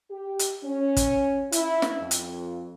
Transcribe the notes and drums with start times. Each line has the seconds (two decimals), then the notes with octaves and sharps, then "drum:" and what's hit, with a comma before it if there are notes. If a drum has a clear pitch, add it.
0.11 G4
0.39 drum: hi-hat
0.63 C#4
0.96 drum: kick, hi-hat
1.52 E4, drum: hi-hat
1.82 drum: snare
2.00 F2
2.11 drum: hi-hat